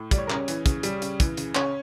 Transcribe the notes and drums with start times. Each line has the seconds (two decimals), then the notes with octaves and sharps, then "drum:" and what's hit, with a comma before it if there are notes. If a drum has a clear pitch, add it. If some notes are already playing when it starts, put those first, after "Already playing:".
Already playing: A2
0.11 G3 D5, drum: kick, hi-hat
0.18 C#5
0.27 A#4
0.30 C#3 C#4 C#5, drum: clap
0.48 E3, drum: hi-hat
0.66 C#3, drum: kick, hi-hat
0.83 G3, drum: hi-hat
1.02 C#3, drum: hi-hat
1.20 E3, drum: kick, hi-hat
1.37 C#3, drum: hi-hat
1.55 C#3 C#4 C#5, drum: clap